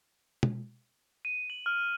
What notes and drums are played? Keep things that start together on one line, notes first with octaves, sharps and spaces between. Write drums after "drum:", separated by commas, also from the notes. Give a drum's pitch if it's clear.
drum: tom
D#7
F#7
F6